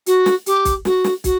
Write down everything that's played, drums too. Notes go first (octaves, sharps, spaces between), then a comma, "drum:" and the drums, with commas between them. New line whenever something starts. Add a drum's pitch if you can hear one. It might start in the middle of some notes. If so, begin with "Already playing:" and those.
F#4, drum: hi-hat
drum: snare
G4, drum: hi-hat
drum: kick, hi-hat
F#4, drum: snare
drum: snare
F#4, drum: kick, hi-hat